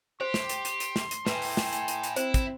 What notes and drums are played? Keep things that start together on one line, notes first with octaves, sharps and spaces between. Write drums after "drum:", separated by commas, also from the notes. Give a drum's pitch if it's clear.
G4 C5 C6
drum: snare
drum: hi-hat
drum: hi-hat
drum: hi-hat
drum: snare
drum: hi-hat
A2 B4 G5 G#5, drum: snare
drum: open hi-hat
drum: snare
drum: hi-hat
drum: hi-hat
drum: hi-hat
C4 E4 C5, drum: hi-hat
drum: kick, hi-hat